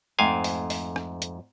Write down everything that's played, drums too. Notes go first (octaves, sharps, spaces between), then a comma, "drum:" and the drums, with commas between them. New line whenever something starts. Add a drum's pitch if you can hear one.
F2 G#2 A3 F5 G5 G#5
drum: open hi-hat
drum: open hi-hat
drum: rim click
drum: hi-hat